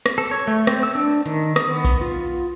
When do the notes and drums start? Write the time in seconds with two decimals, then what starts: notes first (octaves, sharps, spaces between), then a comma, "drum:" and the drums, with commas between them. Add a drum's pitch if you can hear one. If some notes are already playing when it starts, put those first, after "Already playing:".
0.06 drum: rim click
0.18 A4
0.31 C#5
0.47 A3
0.67 C4, drum: rim click
0.83 E6
0.95 D4
1.26 D#3, drum: hi-hat
1.56 D#6, drum: rim click
1.70 B3
1.85 drum: kick A#1, open hi-hat
2.01 F4